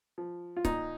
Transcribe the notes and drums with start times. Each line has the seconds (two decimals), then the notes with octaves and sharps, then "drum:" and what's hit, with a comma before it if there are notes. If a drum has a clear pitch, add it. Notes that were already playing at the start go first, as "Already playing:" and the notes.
0.18 F3
0.57 F4
0.64 A#2 D#4, drum: kick C#1, hi-hat